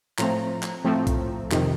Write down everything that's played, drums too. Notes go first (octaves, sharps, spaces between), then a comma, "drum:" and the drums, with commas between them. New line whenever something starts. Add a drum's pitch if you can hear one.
A2 F3 A3 C4 A#5, drum: clap
drum: clap
A2 F3 A3 C4
drum: kick B1, hi-hat
F2 C3 D#3, drum: clap